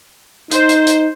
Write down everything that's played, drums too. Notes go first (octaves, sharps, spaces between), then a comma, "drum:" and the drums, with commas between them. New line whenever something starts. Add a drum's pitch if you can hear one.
D#4 C5, drum: hi-hat
drum: hi-hat
drum: hi-hat